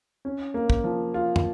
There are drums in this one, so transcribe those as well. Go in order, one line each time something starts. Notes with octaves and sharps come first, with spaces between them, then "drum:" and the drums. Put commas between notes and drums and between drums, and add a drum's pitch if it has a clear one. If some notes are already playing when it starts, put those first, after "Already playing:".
C#4
A#3
drum: kick
F3
F4
drum: tom